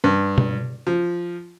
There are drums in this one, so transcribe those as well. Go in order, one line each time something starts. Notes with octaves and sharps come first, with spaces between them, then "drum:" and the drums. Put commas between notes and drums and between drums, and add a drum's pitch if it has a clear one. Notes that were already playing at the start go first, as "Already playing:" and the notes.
G2
drum: tom B2
F3